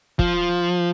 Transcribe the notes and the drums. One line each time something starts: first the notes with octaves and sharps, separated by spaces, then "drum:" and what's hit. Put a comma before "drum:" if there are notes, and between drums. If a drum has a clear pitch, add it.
F3, drum: kick